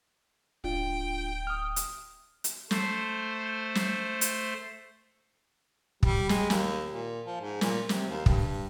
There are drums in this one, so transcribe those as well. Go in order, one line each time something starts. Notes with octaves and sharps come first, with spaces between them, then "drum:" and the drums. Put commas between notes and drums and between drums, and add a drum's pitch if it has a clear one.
D1 G#2 D4 F4 G5
D#6 F6
drum: hi-hat
drum: hi-hat
A3 C5, drum: snare
drum: snare
drum: hi-hat
G3, drum: kick
G#3, drum: snare
D#2, drum: snare
A#2
F3
G#2
A#2, drum: snare
C3, drum: snare
D#2
G2, drum: kick